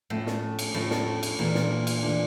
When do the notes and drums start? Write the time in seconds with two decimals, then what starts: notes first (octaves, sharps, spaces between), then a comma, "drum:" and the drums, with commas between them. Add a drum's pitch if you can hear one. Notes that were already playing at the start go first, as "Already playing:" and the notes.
0.10 A2 F3 A3 C#4
0.27 drum: snare
0.59 drum: cymbal
0.74 A2 F3 A3 C#4
0.91 drum: snare
1.23 drum: cymbal
1.39 A#2 E3 A3 D4
1.55 drum: snare
1.87 drum: cymbal
2.03 E3 A3 D4